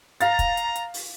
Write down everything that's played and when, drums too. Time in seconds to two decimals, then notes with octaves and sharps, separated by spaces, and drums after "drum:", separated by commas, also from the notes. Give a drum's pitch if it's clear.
0.21 F5 A#5 A6, drum: hi-hat
0.39 drum: kick, hi-hat
0.57 drum: hi-hat
0.76 drum: hi-hat
0.94 drum: open hi-hat